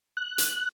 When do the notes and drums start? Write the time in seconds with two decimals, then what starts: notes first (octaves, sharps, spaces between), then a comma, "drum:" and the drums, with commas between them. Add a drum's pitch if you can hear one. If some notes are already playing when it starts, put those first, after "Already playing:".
0.17 F#6
0.38 drum: hi-hat